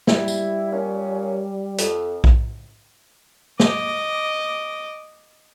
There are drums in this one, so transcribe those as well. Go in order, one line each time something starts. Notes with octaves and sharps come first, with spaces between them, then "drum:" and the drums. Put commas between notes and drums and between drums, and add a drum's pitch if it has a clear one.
G3 E4, drum: snare
drum: tambourine
A#2 A#3 C#4
F2, drum: hi-hat
drum: kick A#1
D#5 D6, drum: snare